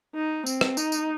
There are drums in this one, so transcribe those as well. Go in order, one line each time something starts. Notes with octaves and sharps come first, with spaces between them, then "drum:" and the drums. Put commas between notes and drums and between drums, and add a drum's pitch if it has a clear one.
D#4
C4, drum: tambourine
drum: rim click
D#4, drum: tambourine
drum: tambourine